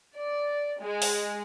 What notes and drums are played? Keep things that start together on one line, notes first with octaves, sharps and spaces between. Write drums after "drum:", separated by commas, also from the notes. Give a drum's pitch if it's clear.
D5
G#3
drum: open hi-hat